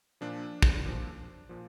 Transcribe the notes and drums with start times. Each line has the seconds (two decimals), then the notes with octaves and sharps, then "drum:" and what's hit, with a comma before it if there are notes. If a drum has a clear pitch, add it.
0.21 A#2 F3 D4
0.62 drum: kick
0.85 A#2 F3
1.49 A#2 F3